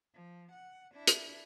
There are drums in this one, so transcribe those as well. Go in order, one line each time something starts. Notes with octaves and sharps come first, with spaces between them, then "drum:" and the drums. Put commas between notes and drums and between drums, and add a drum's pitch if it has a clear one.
F3
F#5
D4 E4
drum: hi-hat